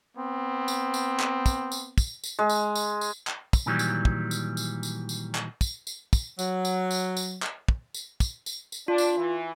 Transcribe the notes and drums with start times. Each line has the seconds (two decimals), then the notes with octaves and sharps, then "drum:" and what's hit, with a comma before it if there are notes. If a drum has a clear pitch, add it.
0.17 B3 C4
0.68 drum: tambourine
0.94 drum: tambourine
1.20 drum: clap
1.46 drum: kick, tambourine
1.72 drum: tambourine
1.98 drum: kick, tambourine
2.24 drum: tambourine
2.39 G#3
2.49 drum: tambourine
2.75 drum: tambourine
3.01 drum: tambourine
3.27 drum: clap
3.53 drum: kick, tambourine
3.66 A#2 D#3 E3 F#3 G3
3.79 drum: tambourine
4.05 drum: kick
4.31 drum: tambourine
4.57 drum: tambourine
4.83 drum: tambourine
5.09 drum: tambourine
5.35 drum: clap
5.61 drum: kick, tambourine
5.87 drum: tambourine
6.13 drum: kick, tambourine
6.39 F#3, drum: tambourine
6.65 drum: tambourine
6.91 drum: tambourine
7.17 drum: tambourine
7.43 drum: clap
7.68 drum: kick
7.94 drum: tambourine
8.20 drum: kick, tambourine
8.46 drum: tambourine
8.72 drum: tambourine
8.88 D4 F4
8.98 drum: tambourine
9.18 E3